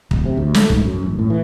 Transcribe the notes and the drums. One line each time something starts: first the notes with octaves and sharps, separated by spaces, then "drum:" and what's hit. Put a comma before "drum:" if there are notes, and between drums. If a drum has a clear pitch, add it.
D1, drum: kick
C3
D2
A3, drum: snare
G#2, drum: kick
F#2
A1
A2
E3